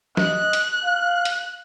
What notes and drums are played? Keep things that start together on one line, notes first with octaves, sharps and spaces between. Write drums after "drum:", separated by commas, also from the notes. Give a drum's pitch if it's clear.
D#5 F#6, drum: snare F#3
drum: hi-hat
F5
drum: hi-hat